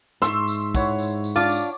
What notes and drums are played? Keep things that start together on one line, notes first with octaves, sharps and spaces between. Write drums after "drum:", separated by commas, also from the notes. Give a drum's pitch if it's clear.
G#2 E5 A5 C6 C#6 E6, drum: snare
drum: tambourine
E4 C#5 F#5, drum: kick, tambourine
drum: tambourine
drum: tambourine
D4 F4 D6
drum: tambourine